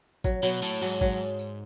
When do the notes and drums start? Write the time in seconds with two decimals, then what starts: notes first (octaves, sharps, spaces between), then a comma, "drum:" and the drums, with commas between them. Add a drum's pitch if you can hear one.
0.24 F#3, drum: kick G#1, tambourine
0.43 B2 F#3
0.62 A2 A4, drum: tambourine
0.81 G#2 F#3
1.01 F#3, drum: kick G#1, tambourine
1.39 drum: tambourine